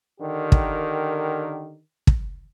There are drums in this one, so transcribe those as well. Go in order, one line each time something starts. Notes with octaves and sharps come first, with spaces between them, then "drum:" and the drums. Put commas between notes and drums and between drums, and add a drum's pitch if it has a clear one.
D3 D#3 G4 A#4
drum: kick
drum: kick